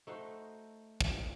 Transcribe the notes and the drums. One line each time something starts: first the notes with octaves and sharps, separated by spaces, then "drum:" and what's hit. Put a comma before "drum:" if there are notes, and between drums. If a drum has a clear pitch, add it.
A3 D#4 F#4 C5
drum: kick